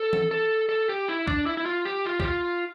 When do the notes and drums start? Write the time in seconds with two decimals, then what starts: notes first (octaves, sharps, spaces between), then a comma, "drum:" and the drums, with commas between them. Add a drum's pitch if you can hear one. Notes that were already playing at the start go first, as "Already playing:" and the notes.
Already playing: A4
0.13 drum: tom E3
0.31 A4
0.69 A4
0.89 G4
1.08 E4
1.27 D4, drum: kick B1
1.46 E4
1.57 E4
1.66 F4
1.85 G4
2.05 F4
2.20 G4, drum: kick B1
2.24 F4